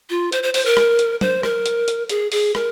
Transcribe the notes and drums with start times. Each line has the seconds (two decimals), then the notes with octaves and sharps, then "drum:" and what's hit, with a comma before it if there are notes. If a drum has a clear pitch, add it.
0.10 F4
0.32 C5, drum: hi-hat
0.43 C5
0.54 C5, drum: open hi-hat
0.66 A#4
0.77 drum: rim click
0.99 drum: hi-hat
1.21 C5, drum: tom F#3
1.43 A#4, drum: rim click
1.66 drum: hi-hat
1.88 drum: hi-hat
2.09 G#4, drum: hi-hat
2.32 G#4, drum: open hi-hat
2.55 A#4, drum: rim click